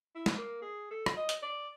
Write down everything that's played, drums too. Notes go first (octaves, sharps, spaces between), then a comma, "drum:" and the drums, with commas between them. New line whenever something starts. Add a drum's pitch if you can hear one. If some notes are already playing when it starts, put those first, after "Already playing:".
E4
drum: snare
A#3
G#4
A4
drum: rim click
D#5
drum: hi-hat
D5